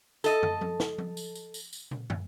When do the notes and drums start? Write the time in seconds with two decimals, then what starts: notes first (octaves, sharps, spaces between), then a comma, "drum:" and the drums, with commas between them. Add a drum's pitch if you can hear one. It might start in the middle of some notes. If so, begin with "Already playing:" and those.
0.24 A4 D#5, drum: tambourine
0.43 drum: tom
0.61 drum: tom F3
0.80 drum: snare
0.98 drum: tom F3
1.17 drum: tambourine
1.36 drum: tambourine
1.54 drum: tambourine
1.73 drum: tambourine
1.91 drum: tom
2.10 drum: tom